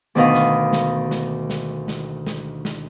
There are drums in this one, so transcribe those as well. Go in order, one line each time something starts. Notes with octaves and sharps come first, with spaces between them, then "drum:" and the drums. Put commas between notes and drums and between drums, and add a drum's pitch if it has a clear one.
D2 B2 D#3 B4 D#5 F5
drum: snare
drum: snare
drum: snare
drum: snare
drum: snare
drum: snare
drum: snare